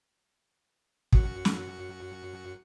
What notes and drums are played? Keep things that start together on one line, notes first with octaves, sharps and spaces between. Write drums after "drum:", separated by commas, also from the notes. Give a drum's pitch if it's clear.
F#2 F#4 C#7, drum: kick
drum: snare